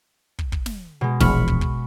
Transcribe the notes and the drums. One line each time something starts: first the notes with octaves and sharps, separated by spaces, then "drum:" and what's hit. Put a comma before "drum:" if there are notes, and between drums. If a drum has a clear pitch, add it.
drum: kick
drum: kick
drum: snare
B2 G#3
E1 A#1 E2 B5 C#6 F6, drum: snare
drum: kick
drum: kick